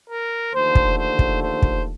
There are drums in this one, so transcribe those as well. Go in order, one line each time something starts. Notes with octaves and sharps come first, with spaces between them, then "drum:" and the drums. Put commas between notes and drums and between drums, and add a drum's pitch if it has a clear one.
A#4
D#2 D3 F3 A3 C5
drum: kick
C5
drum: kick
C5
drum: kick